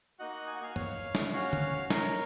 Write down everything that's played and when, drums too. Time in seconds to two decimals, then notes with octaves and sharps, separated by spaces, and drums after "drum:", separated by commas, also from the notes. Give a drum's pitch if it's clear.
0.19 A#3 D#4 F#4 D#5 F#5
0.47 G#5
0.55 F#5
0.63 F5 G#5
0.76 C#5 F5, drum: tom
1.15 drum: snare
1.33 C#4 F#4 C#5 F5
1.53 drum: tom
1.90 A#4 C#5, drum: snare